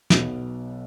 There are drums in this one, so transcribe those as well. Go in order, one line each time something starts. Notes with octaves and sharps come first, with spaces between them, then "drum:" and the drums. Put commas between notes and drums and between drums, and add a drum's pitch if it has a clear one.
B1 B2 B3, drum: snare